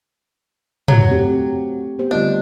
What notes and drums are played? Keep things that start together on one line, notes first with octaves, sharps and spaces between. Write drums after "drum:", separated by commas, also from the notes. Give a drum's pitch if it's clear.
F#3, drum: tom
A3 C4 G4
B3 G4 C5
D3 G3 A3 D4 F4 D5 D#5